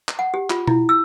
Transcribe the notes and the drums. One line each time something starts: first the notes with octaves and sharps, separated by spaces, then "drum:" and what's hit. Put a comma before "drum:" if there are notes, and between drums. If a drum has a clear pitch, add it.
drum: clap
F#5
G4
F4, drum: clap
E4, drum: tom B2
E6